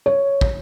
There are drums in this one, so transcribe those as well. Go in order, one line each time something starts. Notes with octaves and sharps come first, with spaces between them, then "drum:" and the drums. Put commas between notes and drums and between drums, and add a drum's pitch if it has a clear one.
C#5
drum: kick